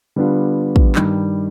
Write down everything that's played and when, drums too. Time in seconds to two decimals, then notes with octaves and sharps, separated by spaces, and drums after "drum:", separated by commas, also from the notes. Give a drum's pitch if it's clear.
0.16 D3 G3 B3 D4 F4
0.76 drum: kick
0.95 G2 D#3 G3, drum: clap